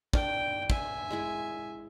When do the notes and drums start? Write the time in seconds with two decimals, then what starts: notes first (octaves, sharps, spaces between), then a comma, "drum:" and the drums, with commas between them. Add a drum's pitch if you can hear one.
0.13 D4 G5, drum: kick
0.70 E5 G#5, drum: kick
1.11 G#3 E4 G#4